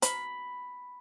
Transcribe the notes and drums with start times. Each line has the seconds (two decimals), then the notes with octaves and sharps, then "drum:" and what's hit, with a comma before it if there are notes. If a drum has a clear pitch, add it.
0.02 B5, drum: hi-hat